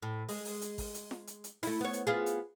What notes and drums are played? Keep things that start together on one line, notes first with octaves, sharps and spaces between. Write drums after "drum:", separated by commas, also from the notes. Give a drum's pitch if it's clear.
A2
G#3, drum: open hi-hat
drum: open hi-hat
drum: hi-hat
drum: kick G#1, open hi-hat
drum: hi-hat
drum: snare
drum: hi-hat
drum: hi-hat
A3 E4, drum: open hi-hat
B3 C#5
drum: hi-hat
B3 F4 G#4
drum: hi-hat